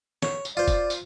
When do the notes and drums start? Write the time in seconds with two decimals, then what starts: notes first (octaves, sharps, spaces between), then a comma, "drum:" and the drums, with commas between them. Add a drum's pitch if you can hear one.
0.22 C#5, drum: snare
0.45 drum: tambourine
0.57 F4 C5 D5
0.68 drum: kick F1, tambourine
0.90 drum: tambourine